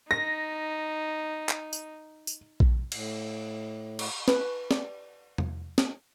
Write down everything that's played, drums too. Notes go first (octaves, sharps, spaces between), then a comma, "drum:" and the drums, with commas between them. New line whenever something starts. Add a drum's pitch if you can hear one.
D#4 A#6
drum: clap
drum: tambourine
drum: tambourine
drum: kick A#1
A2, drum: cymbal
drum: cymbal
B4, drum: snare
D5, drum: snare
drum: tom E2
drum: snare